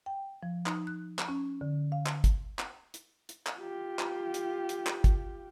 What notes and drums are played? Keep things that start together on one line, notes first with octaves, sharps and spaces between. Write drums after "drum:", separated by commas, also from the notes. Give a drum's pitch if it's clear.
G5
F3
D#4, drum: clap
F#6
drum: clap
C#4
D3
F5
drum: clap
drum: kick, hi-hat
drum: clap
drum: hi-hat
drum: hi-hat
drum: clap
F4 G4
drum: clap
drum: hi-hat
drum: hi-hat
drum: clap
drum: kick, hi-hat